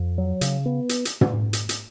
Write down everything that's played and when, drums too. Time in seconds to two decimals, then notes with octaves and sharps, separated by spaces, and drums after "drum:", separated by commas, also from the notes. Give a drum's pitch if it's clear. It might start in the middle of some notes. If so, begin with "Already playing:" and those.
Already playing: F2
0.18 F#3
0.41 C#3, drum: hi-hat
0.66 B3
0.89 drum: hi-hat
1.05 drum: hi-hat
1.21 drum: tom
1.53 drum: hi-hat
1.69 drum: hi-hat